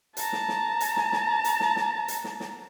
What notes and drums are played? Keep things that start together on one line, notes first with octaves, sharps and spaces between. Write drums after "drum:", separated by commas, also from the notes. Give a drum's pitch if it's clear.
A5 A#5, drum: hi-hat
drum: snare
drum: snare
drum: hi-hat
drum: snare
drum: snare
drum: hi-hat
drum: snare
drum: snare
drum: hi-hat
drum: snare
drum: snare